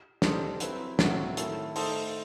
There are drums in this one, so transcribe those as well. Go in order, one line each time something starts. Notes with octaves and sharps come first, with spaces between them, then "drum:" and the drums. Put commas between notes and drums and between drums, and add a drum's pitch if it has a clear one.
G3 D#4 A4 C5, drum: snare
F#3 C4 E4 B4, drum: hi-hat
A2 F#3 C4 F#4, drum: snare
D#3 A3 E4 A4, drum: hi-hat
A3 D#4 A4 C5, drum: open hi-hat